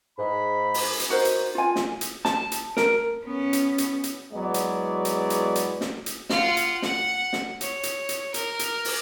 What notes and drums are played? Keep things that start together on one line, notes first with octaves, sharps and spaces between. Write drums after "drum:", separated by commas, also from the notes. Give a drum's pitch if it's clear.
G#2 B5
drum: open hi-hat
drum: hi-hat
D#4 F#4 A#4 C5
drum: hi-hat
F4 G#5
drum: snare
drum: hi-hat
A5, drum: snare
drum: hi-hat
A#4, drum: snare
B3 C#4
drum: hi-hat
drum: hi-hat
drum: hi-hat
E2 F#3 G#3 B3 D5
drum: hi-hat
drum: hi-hat
drum: hi-hat
drum: hi-hat
drum: snare
drum: hi-hat
F4 F#5, drum: snare
drum: hi-hat
F#5, drum: snare
drum: snare
C#5, drum: hi-hat
drum: hi-hat
drum: hi-hat
A#4, drum: hi-hat
drum: hi-hat
drum: open hi-hat